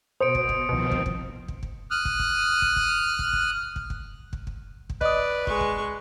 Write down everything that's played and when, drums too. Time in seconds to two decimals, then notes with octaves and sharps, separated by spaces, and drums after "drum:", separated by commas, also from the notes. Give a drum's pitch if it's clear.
0.20 B2 C5 D#6 C#7 D7
0.35 drum: kick
0.49 drum: kick
0.69 C2 B2 D#3 F3 C4
0.92 drum: kick
1.06 drum: kick
1.48 drum: kick
1.63 drum: kick
1.91 D#6 F6 F#6
2.05 drum: kick
2.19 drum: kick
2.62 drum: kick
2.76 drum: kick
3.19 drum: kick
3.33 drum: kick
3.76 drum: kick
3.90 drum: kick
4.33 drum: kick
4.47 drum: kick
4.90 drum: kick
5.01 B4 D5 D#5 D#6, drum: kick
5.47 G#3 C#6, drum: kick
5.61 drum: kick